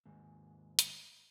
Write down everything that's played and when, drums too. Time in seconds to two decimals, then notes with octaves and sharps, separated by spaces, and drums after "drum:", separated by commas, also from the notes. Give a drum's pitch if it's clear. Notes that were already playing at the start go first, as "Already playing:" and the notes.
0.06 D#2 G#2
0.79 drum: hi-hat